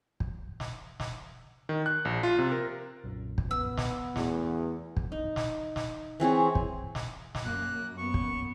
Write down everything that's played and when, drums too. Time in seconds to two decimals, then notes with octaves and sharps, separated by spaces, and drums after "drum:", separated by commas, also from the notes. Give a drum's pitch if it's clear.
0.20 drum: kick
0.60 drum: snare
1.00 drum: snare
1.69 D#3
1.86 F#6
2.05 A#1
2.23 F4
2.39 C3
2.52 A#4
3.04 B1 F#2 A#2
3.38 drum: kick
3.51 B3 E6
3.77 drum: snare
4.16 E2 A3 F#4 C#7, drum: snare
4.97 drum: kick
5.12 D#4
5.36 drum: snare
5.76 drum: snare
6.20 E3 C4 G#4 C#5
6.55 drum: kick
6.95 drum: snare
7.35 drum: snare
7.45 F#2 A#3 F#6
7.97 B3 C#6
8.14 drum: kick